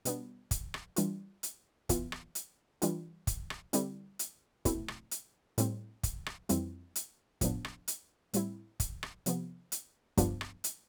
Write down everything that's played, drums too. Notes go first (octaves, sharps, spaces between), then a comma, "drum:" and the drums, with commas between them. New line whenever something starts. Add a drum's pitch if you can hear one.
B2 G3 B3 D4, drum: hi-hat
drum: kick, hi-hat
drum: rim click
E3 G3 D4 F4, drum: hi-hat
drum: hi-hat
E3 B3 F4, drum: kick, hi-hat
drum: rim click
drum: hi-hat
E3 G3 D4 F4, drum: hi-hat
drum: kick, hi-hat
drum: rim click
D3 G3 C4 E4, drum: hi-hat
drum: hi-hat
B2 A3 C4 E4, drum: kick, hi-hat
drum: rim click
drum: hi-hat
A2 G3 C4, drum: hi-hat
drum: kick, hi-hat
drum: rim click
F2 E3 G3 C4 E4, drum: hi-hat
drum: hi-hat
A2 F3 B3 D4, drum: kick, hi-hat
drum: rim click
drum: hi-hat
A2 G3 C4 E4, drum: hi-hat
drum: kick, hi-hat
drum: rim click
C3 F3 B3, drum: hi-hat
drum: hi-hat
G2 F3 B3 D4 F4, drum: kick, hi-hat
drum: rim click
drum: hi-hat